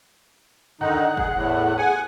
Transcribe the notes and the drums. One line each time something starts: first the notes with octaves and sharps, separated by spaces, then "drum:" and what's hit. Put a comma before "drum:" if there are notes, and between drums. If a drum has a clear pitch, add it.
D3 D#3 D#4 F#5, drum: tom
G#4, drum: kick F#1
E2 A2
G#4 F#5 G#5